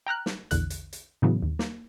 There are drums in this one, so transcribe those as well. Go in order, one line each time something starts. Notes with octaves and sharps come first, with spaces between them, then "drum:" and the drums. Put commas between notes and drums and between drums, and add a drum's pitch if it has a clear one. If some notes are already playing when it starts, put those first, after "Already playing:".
G5 A#5 F6 F#6
drum: snare
A#1 E2 D3 F#6, drum: hi-hat
drum: hi-hat
drum: hi-hat
A2 C#3 E3 F#3 B3
D#2
A#3, drum: snare